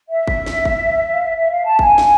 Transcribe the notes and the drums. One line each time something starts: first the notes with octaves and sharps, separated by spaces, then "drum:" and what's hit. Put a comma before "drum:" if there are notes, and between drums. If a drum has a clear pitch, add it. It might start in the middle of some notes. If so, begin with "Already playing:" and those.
E5
drum: kick G1
drum: snare
drum: kick G1
F5
E5
E5
F5
A5
G#5, drum: kick G1
drum: snare